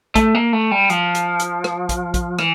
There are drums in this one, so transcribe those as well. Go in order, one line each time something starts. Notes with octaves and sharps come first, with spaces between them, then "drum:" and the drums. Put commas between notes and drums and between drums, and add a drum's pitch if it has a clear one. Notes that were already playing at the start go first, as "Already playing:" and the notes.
A3, drum: kick, hi-hat
A#3
A3
G3
F3, drum: hi-hat
drum: hi-hat
drum: hi-hat
drum: rim click
drum: kick, hi-hat
drum: kick, hi-hat
E3, drum: rim click